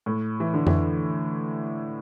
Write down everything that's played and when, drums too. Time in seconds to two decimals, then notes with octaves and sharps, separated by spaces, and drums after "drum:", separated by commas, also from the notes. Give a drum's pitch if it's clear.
0.06 A2
0.40 E3
0.54 D3
0.67 E3, drum: tom F2